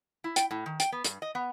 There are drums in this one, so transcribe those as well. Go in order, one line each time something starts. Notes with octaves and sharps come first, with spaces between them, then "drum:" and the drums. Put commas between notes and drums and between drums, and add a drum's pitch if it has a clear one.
E4
G5, drum: hi-hat
A2
D#3
G5, drum: hi-hat
B3
G2, drum: hi-hat
D#5
B3